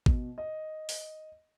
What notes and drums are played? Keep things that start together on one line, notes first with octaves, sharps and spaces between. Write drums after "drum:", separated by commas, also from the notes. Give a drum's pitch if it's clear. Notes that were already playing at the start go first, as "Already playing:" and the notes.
B2, drum: kick
D#5
drum: open hi-hat